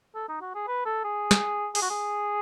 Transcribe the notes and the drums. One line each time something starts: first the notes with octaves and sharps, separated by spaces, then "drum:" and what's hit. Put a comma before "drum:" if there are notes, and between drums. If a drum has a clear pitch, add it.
A4
D#4
F#4
G#4
B4
A4
G#4
drum: snare
G#4, drum: open hi-hat
F#4
G#4